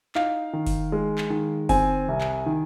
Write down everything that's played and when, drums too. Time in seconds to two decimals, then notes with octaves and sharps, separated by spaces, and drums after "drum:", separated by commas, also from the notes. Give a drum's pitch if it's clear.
0.15 D#4 F5, drum: clap
0.53 D#3
0.67 drum: kick F#1, open hi-hat
0.92 G#3
1.18 drum: clap
1.30 D#3
1.69 C4 G#5, drum: kick F#1, open hi-hat
2.08 C2
2.21 drum: clap
2.46 D#3